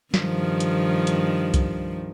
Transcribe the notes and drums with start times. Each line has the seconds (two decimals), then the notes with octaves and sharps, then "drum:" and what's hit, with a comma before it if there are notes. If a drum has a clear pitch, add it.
0.14 G2 D#3 F3, drum: snare
0.60 drum: hi-hat
1.07 drum: hi-hat
1.54 drum: kick C2, hi-hat